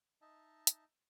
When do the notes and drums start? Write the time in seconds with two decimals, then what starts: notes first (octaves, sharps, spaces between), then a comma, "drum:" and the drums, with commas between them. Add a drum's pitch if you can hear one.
0.21 D#4 D#5 E5 A5
0.67 drum: hi-hat